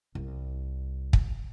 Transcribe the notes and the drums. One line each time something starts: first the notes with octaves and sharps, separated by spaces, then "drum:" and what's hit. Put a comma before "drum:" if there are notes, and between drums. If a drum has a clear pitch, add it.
C2
drum: kick